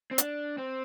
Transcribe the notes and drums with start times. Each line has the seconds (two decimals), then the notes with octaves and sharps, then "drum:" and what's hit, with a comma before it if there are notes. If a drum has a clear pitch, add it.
0.11 C4
0.18 D4, drum: hi-hat
0.58 C4